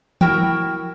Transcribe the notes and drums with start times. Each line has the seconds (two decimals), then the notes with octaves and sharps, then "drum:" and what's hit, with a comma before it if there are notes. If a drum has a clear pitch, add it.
0.21 E4 F#4 A#4 G5, drum: tom E3